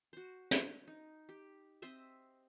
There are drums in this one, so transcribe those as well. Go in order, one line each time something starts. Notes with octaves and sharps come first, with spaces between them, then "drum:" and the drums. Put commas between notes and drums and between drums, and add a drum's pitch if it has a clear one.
F#4 C5
drum: hi-hat
D#4
G4
C4 C5 D#5 E5